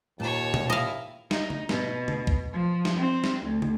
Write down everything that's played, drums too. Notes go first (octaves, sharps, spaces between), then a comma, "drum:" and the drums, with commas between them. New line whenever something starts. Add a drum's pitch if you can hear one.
D#2 A#2 C#5 A5
drum: tom B2
E4 D#5 F5
D#4, drum: snare
drum: tom
B2, drum: snare
drum: tom
drum: kick
F3
drum: snare
C4
drum: snare
D2
drum: tom